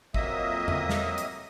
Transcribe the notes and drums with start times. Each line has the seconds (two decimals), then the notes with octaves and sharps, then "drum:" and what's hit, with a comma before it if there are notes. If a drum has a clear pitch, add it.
0.14 F2 F#3 A#3 D#5 E5 D#6, drum: kick A1
0.68 drum: tom E2
0.90 drum: snare
1.18 drum: hi-hat